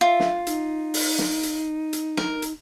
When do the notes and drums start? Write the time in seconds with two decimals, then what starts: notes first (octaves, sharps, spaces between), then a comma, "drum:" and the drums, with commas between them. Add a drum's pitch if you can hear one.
0.01 F4 E5
0.20 drum: snare
0.47 D#4, drum: hi-hat
0.94 drum: open hi-hat
1.18 drum: snare
1.43 drum: hi-hat
1.93 drum: hi-hat
2.17 A#4, drum: snare
2.42 drum: hi-hat